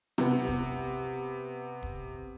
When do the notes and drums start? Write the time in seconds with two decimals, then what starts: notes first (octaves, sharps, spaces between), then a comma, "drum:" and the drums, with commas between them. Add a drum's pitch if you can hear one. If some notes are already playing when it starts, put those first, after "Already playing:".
0.18 C3 B3, drum: rim click
0.47 drum: kick D1
1.83 drum: kick D1